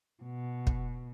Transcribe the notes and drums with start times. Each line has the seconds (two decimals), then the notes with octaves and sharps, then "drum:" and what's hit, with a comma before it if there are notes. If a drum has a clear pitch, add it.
0.23 B2
0.67 drum: kick